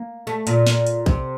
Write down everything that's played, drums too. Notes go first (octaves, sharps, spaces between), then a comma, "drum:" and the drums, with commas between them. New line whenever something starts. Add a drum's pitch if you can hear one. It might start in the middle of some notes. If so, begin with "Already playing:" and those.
Already playing: A#3
A3
A#2, drum: hi-hat
drum: snare
drum: hi-hat
C3, drum: kick A#1